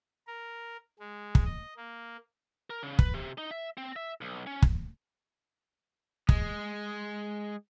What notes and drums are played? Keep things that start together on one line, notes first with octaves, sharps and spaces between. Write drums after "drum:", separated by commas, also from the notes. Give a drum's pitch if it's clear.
A#4
G#3
drum: kick
D#5
A#3
A#4
C#3
B4, drum: kick
C3
D#4
E5
C4
E5
B1
C#4
drum: kick
G#3, drum: kick